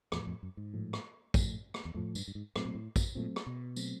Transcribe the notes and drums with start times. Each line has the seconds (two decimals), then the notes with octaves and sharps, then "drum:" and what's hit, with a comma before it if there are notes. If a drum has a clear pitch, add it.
0.12 E2 A2 F3 A3, drum: rim click
0.27 F2
0.43 F#2
0.57 G#2
0.74 A2 F3 A3
0.93 drum: rim click
1.34 A2 F3 A3, drum: kick, tambourine
1.74 drum: rim click
1.85 E2
1.94 F2 A2 F3 A3
2.15 G2, drum: tambourine
2.28 G2
2.35 G#2
2.56 A2 F#3 A3 C4, drum: rim click
2.65 A#2
2.75 A2
2.96 drum: kick, tambourine
3.15 A#2 F#3 A3 C4
3.36 drum: rim click
3.46 B2
3.76 F#3 A3 C4, drum: tambourine